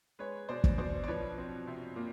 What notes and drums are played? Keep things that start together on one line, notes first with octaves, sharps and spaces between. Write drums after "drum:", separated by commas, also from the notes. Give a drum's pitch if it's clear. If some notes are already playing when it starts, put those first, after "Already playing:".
G#3 B4 C#5
B2 C5 D5
drum: kick
B2 C5 D5
D5
F3 B4 C#5
C4
C3
A#2